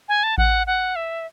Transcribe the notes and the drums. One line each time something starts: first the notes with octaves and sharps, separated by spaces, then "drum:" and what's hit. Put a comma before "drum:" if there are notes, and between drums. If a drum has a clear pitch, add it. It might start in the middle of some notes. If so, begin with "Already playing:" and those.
G#5
A5
F#5, drum: kick A1
F#5
E5